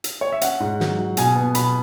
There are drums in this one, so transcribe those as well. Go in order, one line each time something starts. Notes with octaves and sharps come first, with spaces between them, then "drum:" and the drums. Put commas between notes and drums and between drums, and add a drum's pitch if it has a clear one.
drum: hi-hat
C#5
E5
C#4 F#5, drum: hi-hat
G#2
F#3, drum: snare
F#3
B2 G#5, drum: hi-hat
B3
B2 B5, drum: hi-hat